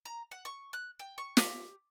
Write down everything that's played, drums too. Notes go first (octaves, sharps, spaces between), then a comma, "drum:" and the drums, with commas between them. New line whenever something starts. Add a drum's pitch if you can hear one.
A#5
F#5
C#6
F#6
G5
C#6
G4, drum: snare